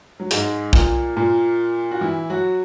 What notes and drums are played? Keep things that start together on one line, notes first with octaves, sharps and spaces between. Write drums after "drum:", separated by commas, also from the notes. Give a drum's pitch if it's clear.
F#3
G#2 G#3, drum: hi-hat
A#2 A#3, drum: kick
A#2 A#3
F#4
E3 E4
F#3 F#4